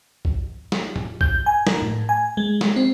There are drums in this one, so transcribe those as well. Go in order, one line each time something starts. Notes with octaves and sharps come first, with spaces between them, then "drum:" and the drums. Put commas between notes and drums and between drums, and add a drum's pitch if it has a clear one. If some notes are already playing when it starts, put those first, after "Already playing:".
drum: kick A#1
drum: snare
drum: tom
G6, drum: kick A#1
G#5
A#4, drum: snare
A2
G#5
G#3
drum: snare
C4